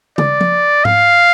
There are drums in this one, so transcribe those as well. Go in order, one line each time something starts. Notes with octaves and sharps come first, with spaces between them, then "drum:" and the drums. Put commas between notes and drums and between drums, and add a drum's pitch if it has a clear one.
D5, drum: tom
drum: tom F3
F5, drum: tom G#2